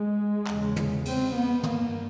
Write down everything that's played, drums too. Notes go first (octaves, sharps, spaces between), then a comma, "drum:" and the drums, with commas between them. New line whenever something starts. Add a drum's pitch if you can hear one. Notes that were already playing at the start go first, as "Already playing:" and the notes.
Already playing: G#3
E2 C#3, drum: clap
drum: tom
C4, drum: cymbal
B3
G2 A#3, drum: tom